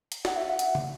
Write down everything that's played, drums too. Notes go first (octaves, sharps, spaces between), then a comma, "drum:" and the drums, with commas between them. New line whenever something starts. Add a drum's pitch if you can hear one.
drum: hi-hat
F#5, drum: snare
E5
F#5
drum: hi-hat
drum: tom